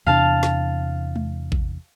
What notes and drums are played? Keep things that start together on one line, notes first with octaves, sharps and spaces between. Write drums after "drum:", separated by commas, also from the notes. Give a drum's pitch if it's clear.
E2 C3 D4 F5 A5
drum: snare
drum: tom G#3
drum: kick